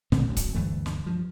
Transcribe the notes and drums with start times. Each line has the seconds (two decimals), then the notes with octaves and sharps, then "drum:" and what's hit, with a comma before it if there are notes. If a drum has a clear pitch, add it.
0.12 A#2 D3 A3 C4, drum: snare
0.28 G#1 D2 F#3
0.37 drum: kick C#1, hi-hat
0.55 D2 G2 E3 A3
0.86 drum: snare
1.06 G2 F3